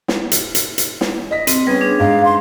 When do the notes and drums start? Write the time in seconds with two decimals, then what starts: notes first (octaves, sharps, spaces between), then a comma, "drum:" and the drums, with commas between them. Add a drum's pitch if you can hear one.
0.08 drum: snare
0.32 drum: hi-hat
0.55 drum: hi-hat
0.78 drum: hi-hat
1.01 drum: snare
1.31 D#5 B6
1.47 C4, drum: hi-hat
1.67 G3 B3 C#4 G#4
1.81 D4 G#4
2.00 G#2 F5
2.25 C6